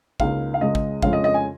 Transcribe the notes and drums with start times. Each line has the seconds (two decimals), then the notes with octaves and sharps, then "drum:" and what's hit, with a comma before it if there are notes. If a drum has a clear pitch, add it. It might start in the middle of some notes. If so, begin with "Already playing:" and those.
0.20 C#2 C#3 A#3 D#4 F5, drum: kick
0.54 F5
0.61 C#2 C#3 G#3 D#5
0.75 drum: kick
1.02 F2 C#3 G#3 C#4 F5, drum: kick
1.13 D#5
1.24 D#5
1.34 G#5